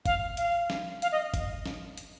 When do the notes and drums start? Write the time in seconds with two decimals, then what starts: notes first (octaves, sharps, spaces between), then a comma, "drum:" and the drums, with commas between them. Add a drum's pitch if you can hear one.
0.06 F5, drum: kick, hi-hat
0.37 F5, drum: hi-hat
0.70 drum: snare
1.02 F5, drum: hi-hat
1.12 D#5
1.34 drum: kick, hi-hat
1.66 drum: snare
1.98 drum: hi-hat